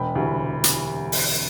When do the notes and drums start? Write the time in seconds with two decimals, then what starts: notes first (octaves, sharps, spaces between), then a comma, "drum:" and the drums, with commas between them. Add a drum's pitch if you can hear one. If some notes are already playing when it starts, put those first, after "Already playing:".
Already playing: E1 G5 B5
0.15 D2 C3 E3
0.39 E1
0.64 drum: hi-hat
1.12 drum: open hi-hat